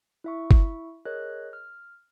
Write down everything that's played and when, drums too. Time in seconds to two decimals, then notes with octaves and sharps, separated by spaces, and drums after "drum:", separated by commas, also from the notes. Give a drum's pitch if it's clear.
0.24 E4 E5 C#6
0.51 drum: kick G1
1.05 G#4 A#4 C#5 D#5 F#6
1.53 F6